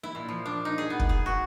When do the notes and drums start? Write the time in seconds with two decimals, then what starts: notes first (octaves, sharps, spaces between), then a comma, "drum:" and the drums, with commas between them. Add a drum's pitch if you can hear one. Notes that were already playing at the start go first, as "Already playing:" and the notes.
0.03 E4
0.15 A#2
0.29 F3
0.46 D4
0.65 D#4
0.78 G#4
0.90 B3
0.99 drum: kick
1.09 G#4
1.26 F#4